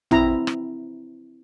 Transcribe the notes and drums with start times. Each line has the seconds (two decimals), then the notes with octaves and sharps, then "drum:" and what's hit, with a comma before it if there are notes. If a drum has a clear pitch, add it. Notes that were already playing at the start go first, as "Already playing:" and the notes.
0.11 C4 E4 A#5, drum: tom A1
0.47 drum: rim click